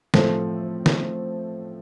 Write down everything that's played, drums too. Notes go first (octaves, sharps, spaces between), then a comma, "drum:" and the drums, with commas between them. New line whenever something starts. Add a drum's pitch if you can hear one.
A2 F3 A3 C4, drum: snare
drum: snare